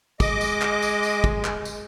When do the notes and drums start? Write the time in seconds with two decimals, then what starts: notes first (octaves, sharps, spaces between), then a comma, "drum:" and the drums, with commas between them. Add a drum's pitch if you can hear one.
0.20 G#3 D#5 D6, drum: kick, tambourine
0.41 drum: tambourine
0.62 drum: clap
0.82 drum: tambourine
1.03 drum: tambourine
1.24 drum: kick
1.45 drum: clap
1.65 drum: tambourine